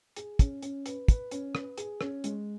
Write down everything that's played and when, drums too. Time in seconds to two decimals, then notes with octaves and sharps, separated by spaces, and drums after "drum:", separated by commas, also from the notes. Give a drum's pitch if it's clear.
0.16 G#4, drum: hi-hat
0.39 C#4, drum: kick, hi-hat
0.62 C#4, drum: hi-hat
0.86 B4, drum: hi-hat
1.08 B4, drum: kick, hi-hat
1.31 C#4, drum: hi-hat
1.55 B4, drum: rim click
1.78 G#4, drum: hi-hat
2.01 C#4, drum: rim click
2.24 G#3, drum: hi-hat